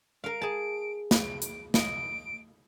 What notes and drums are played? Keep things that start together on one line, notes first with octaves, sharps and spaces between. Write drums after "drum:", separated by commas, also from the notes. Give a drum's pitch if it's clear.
A#4 F5 D7
G#4 A5
D7, drum: snare
drum: hi-hat
D#5 D7, drum: snare